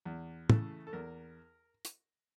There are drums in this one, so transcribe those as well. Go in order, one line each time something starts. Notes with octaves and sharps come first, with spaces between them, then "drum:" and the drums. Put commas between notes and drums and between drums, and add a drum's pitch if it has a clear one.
E2
C#3 E3 A3 A4, drum: tom
A4
E2 A#4
drum: hi-hat